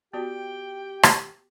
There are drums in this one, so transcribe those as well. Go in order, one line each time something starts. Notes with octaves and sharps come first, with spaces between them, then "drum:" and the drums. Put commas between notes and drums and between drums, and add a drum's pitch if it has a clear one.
B3 F#4 G4 D5 G5
drum: rim click